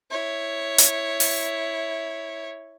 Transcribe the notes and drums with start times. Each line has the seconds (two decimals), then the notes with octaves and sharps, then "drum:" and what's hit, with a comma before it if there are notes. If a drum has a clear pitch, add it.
0.11 E4 C#5
0.78 drum: hi-hat
1.20 drum: open hi-hat